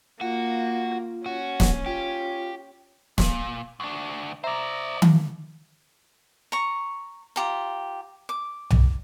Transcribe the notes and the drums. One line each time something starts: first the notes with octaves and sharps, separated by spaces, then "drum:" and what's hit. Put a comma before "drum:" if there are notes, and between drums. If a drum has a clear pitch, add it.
A#3 F4 F#4
C#4 F#4
drum: snare
F4 G4
A#2, drum: snare
D2 D4
C5 D5 E5 A#5
F3, drum: tom D#3
A#5 C#6
F4 G4 A#5
D6
drum: tom B1